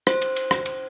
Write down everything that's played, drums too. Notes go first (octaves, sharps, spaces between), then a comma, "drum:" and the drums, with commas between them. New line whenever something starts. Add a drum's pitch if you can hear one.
C5, drum: rim click
drum: cymbal
drum: cymbal
drum: rim click
drum: cymbal